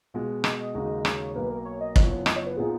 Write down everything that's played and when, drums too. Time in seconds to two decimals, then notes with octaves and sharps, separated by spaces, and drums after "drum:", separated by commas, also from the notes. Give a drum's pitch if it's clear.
0.14 B2 G#3 B3 F4
0.44 D#5, drum: rim click
0.74 D#2 C#3 G#3 D#4 F#4
1.05 C#5, drum: rim click
1.35 B1 B2 A#3 B4
1.50 A#4
1.65 C#5
1.81 D#5
1.96 F#1 F#2 F3 B3 C#5, drum: kick
2.11 C#5
2.26 D#5, drum: rim click
2.36 C#5
2.46 B4
2.57 A#2 F3 B3 D#4 G#4